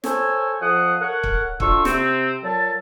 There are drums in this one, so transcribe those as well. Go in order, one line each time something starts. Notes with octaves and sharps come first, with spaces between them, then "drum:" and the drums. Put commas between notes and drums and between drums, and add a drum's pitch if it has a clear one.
A4 C5 C#5 G#5 E6, drum: snare
F2 F3 F5 F#5 D#6
A4 A#4 C#5 F#5
drum: kick
D2 D4 F4 C#6 E6, drum: kick
C3 C4, drum: snare
A#2 F#3 A4 A5